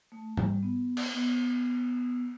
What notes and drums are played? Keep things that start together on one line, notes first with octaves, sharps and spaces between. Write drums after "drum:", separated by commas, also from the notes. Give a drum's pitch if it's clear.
A3
G3, drum: tom G#2
B3
drum: cymbal
B3